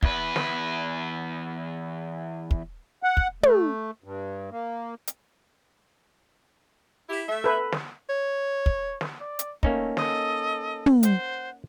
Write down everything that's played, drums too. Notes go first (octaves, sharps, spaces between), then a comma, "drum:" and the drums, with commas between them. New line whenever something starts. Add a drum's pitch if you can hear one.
E2 B4, drum: kick
drum: snare
drum: kick
F#5
drum: kick
A3, drum: tom
G2
A#3
drum: hi-hat
E4 G4
A3 E5
A4 B4
drum: snare
C#5
drum: kick
drum: snare
D5
drum: hi-hat
A3 A#3 C#4 D#4, drum: kick
A4 D#5, drum: snare
drum: tom
C5 F#5, drum: hi-hat